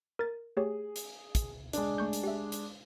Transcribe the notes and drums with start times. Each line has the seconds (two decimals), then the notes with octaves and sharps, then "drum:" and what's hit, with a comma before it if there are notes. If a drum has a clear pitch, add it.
0.19 A#4 A6
0.57 A3 G4 G#4 C#5
0.96 drum: hi-hat
1.35 drum: kick, hi-hat
1.73 G#3 D4, drum: hi-hat
1.98 A3 C#6 G6
2.13 drum: hi-hat
2.24 G4 E5
2.52 drum: hi-hat